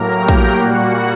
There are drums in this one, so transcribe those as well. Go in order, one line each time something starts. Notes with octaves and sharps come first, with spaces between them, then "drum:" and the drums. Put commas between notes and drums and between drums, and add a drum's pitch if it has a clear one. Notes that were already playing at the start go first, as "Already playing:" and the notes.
Already playing: A2 F#3 A#3 A#4 A#5
G4 G5
drum: kick
A#2 G3 A#3 F#4 F#5